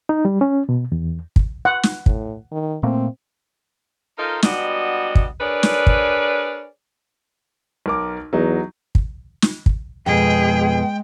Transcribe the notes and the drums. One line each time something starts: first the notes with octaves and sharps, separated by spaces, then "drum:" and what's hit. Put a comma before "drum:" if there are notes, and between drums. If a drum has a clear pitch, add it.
D#4
G3
C#4
B2
E2
drum: kick
F#5
drum: snare
A2, drum: kick
D#3
A#2 A3 A#3 C4
D#4 F4 A4 A#4 C5 D#5
G3 G#3 B3 D4 F#4 D#5, drum: snare
drum: kick
D4 G#4 A#4 B4 C#5 D5
drum: snare
drum: kick
B1 A#4 D6
E2 F#3 D#4
drum: kick
drum: snare
drum: kick
F2 B2 G#3 B3 G#4 G5